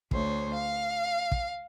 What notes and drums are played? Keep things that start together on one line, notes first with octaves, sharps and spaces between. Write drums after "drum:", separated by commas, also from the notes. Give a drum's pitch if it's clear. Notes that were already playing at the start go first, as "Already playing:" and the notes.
D2 C5 C#5, drum: kick
F5
drum: kick